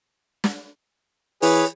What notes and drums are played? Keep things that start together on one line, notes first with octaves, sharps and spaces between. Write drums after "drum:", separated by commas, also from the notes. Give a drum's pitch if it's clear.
drum: snare
E3 G#4 B4 C#5, drum: open hi-hat